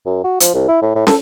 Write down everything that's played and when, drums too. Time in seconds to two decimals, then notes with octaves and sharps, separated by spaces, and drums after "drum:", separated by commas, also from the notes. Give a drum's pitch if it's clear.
0.06 F#2
0.24 F#4
0.40 F3, drum: hi-hat
0.54 C2
0.68 E4
0.82 A2
0.95 A2
1.07 A4, drum: snare